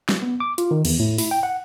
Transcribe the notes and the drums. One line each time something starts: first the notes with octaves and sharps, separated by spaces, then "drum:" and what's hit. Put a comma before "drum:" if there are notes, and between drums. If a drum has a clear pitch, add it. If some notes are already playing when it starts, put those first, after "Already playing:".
drum: snare
B3
D6
F4, drum: hi-hat
D#3
E2, drum: cymbal
A2
E4, drum: open hi-hat
G5
F#5